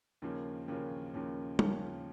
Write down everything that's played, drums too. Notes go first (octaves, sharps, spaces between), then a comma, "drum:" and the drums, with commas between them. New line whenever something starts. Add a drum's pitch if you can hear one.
D#2 C#3 F3 A#3 C#4
D#2 C#3 F3 A#3 C#4
D#2 C#3 F3 A#3 C#4
D#2 C#3 F3 A#3 C#4, drum: tom